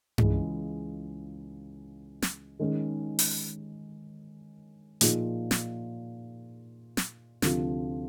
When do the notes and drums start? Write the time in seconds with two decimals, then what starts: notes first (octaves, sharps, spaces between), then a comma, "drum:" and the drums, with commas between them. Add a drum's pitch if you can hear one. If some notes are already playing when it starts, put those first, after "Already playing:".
0.18 C#2 C#3 E3 G#3, drum: tom G2
2.22 drum: snare
2.59 D#3 G#3 C#4
3.19 drum: open hi-hat
5.01 A#2 F3 A#3 D#4 G#4, drum: hi-hat
5.51 drum: snare
6.97 drum: snare
7.42 D2 C3 F3, drum: snare